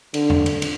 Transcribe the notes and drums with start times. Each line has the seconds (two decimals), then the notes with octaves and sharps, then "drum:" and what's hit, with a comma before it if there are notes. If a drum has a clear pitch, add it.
0.14 D3, drum: cymbal
0.30 drum: tom E2
0.46 drum: cymbal
0.62 drum: cymbal